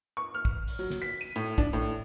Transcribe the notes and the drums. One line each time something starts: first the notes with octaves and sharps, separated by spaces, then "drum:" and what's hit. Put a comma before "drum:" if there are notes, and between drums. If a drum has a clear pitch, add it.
C#6
F6
drum: kick
drum: open hi-hat
F#3
drum: snare
B6
D#7
A2, drum: hi-hat
D4, drum: kick
A2